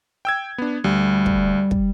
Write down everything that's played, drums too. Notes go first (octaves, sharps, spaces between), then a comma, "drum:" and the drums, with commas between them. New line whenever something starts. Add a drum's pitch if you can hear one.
G5 E6 G#6
B3 D4
D2 G3
drum: kick
drum: kick